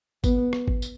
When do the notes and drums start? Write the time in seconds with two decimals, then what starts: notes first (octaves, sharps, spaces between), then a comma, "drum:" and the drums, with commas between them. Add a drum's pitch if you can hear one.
0.24 B3, drum: kick G1, tambourine
0.53 drum: rim click
0.68 drum: kick G1
0.82 drum: tambourine